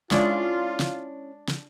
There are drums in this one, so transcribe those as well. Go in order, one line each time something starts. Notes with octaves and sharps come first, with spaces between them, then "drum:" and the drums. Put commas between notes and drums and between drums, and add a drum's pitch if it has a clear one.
G#3 C#4 D4 E4 F4 D5 A6, drum: snare
drum: snare
drum: snare